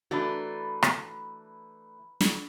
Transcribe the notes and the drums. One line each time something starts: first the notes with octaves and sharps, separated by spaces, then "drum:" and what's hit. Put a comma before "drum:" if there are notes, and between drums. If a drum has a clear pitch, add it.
E3 A3 D4 F#4 B4 A#5 A6
drum: rim click
drum: snare